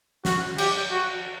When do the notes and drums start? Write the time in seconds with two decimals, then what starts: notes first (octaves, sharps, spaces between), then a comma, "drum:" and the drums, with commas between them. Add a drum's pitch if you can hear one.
0.25 F#4, drum: snare
0.58 G4, drum: cymbal
0.91 F#4